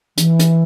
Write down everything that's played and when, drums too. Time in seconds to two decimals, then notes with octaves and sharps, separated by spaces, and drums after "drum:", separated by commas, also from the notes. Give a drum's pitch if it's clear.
0.17 E3, drum: hi-hat
0.39 drum: hi-hat